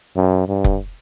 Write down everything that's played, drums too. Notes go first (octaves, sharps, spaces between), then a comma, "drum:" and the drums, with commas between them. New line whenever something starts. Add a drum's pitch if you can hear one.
F#2
G2
drum: kick F1